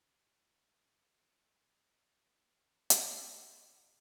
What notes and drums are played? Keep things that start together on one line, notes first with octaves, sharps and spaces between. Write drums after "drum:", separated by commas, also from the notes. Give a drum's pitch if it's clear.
G#2 F3 A3 D4 F4
C#3 F#3 A#3
drum: hi-hat
C3 E3 G3